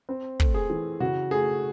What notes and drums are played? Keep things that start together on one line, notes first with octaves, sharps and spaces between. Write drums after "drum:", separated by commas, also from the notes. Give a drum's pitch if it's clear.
C4
A3, drum: kick
G#4
E3
C#3 F#4
A3 G#4